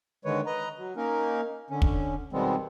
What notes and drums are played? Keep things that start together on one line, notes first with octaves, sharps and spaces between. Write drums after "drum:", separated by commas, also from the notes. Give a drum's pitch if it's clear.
D3 D#3 G#3 B4 C#5
B4 D#5 A#5
F#3
A#3 C#4 D#4 A#4
D3 C#4
drum: kick
B2 D#3 G3 G#3 B3 C4